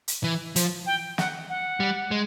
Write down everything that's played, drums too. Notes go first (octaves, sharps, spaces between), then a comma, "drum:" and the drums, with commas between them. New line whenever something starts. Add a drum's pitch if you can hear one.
drum: hi-hat
E3
F3, drum: hi-hat
G5
F#5, drum: snare
F#5
G3
G#3